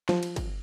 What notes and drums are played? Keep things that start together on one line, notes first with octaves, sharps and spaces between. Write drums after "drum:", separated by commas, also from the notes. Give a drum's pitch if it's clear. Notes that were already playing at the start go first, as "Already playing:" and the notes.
F3, drum: snare
drum: cymbal
drum: kick, cymbal